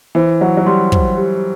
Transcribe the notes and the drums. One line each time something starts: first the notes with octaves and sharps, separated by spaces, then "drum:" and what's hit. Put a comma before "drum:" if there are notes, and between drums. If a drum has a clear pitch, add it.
E3 C5
F#3 F#5
F#3
G3 C6
C5, drum: kick
G4